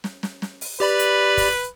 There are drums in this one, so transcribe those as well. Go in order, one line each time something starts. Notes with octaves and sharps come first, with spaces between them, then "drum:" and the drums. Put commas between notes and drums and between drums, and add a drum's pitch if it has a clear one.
drum: snare
drum: snare
drum: snare
drum: open hi-hat
G4 B4 D5 B5
drum: hi-hat
drum: kick, open hi-hat